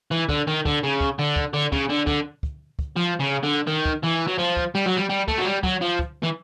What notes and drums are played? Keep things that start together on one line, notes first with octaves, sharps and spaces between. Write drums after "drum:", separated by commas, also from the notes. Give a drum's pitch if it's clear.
E3
D3, drum: kick
D#3
D3, drum: kick
C#3
drum: kick
D3
drum: kick
D3
C#3, drum: kick
D3
D3, drum: kick
drum: kick
drum: kick
F3
C#3
D3
D#3
drum: kick
E3
F#3
F3
drum: kick
G3
F#3
G3
G3
A3, drum: kick
F#3
G3
F#3, drum: kick
F3
drum: kick
E3